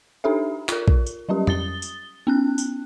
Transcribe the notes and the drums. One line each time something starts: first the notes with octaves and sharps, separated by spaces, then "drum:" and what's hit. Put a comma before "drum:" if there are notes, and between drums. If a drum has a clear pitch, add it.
D4 D#4 G4 A4 E5
F4 A#4, drum: clap
drum: kick
drum: tambourine
F#3 G3 C#4 G4
D#6 A6 G7, drum: tom F2
drum: tambourine
B3 C#4 F#6
drum: tambourine